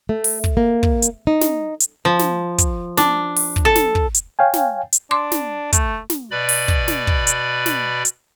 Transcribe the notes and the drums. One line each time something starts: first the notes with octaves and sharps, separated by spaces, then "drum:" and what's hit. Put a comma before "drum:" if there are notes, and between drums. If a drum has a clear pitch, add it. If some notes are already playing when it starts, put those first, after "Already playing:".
A3
drum: open hi-hat
drum: kick
A#3
drum: kick
drum: hi-hat
D#4
drum: snare
drum: hi-hat
F3
drum: snare
drum: kick, hi-hat
D4, drum: snare
drum: open hi-hat
drum: kick
A4
drum: snare
drum: kick
drum: hi-hat
C#5 F5 G5 G#5
drum: snare
drum: hi-hat
D4 C6 D6
drum: snare
A3, drum: kick, hi-hat
drum: snare
B2 B4 D5 B5
drum: open hi-hat
drum: kick
drum: snare
drum: kick
drum: hi-hat
drum: snare
drum: hi-hat